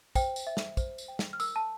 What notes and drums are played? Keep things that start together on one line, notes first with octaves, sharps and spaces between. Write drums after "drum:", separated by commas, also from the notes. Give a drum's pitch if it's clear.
C5 G5, drum: kick, tambourine
drum: tambourine
E5
drum: snare
C5, drum: kick, tambourine
drum: tambourine
G5
drum: snare
F6
A#4 E6, drum: tambourine
A5